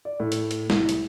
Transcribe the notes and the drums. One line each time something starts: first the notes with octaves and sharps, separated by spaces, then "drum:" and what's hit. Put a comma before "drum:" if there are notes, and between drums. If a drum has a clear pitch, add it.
D5
A2
drum: hi-hat
drum: hi-hat
C2, drum: snare G#3
drum: hi-hat